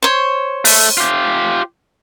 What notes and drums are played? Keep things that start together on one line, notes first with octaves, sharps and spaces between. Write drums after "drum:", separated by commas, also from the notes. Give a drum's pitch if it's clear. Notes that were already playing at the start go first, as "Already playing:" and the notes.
C5 C#5
A3, drum: open hi-hat
F4 G4